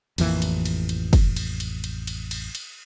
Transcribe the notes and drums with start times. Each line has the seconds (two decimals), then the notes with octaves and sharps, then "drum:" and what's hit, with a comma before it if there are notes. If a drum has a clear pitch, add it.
0.18 A1 F2 E3 A#3, drum: cymbal
0.42 drum: cymbal
0.65 drum: cymbal
0.89 drum: cymbal
1.13 drum: kick, cymbal
1.36 drum: cymbal
1.60 drum: cymbal
1.84 drum: cymbal
2.07 drum: cymbal
2.31 drum: cymbal
2.55 drum: cymbal